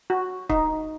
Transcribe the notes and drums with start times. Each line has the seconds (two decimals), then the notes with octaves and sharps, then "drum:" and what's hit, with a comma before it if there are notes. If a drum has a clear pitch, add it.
0.10 F#4
0.50 D#4, drum: kick